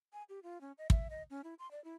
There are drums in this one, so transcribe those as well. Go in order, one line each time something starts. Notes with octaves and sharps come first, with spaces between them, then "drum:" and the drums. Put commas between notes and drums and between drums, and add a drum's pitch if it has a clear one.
G#5
G4
F4
C#4
D#5
E5, drum: kick
D#5
C#4
E4
C6
D5
E4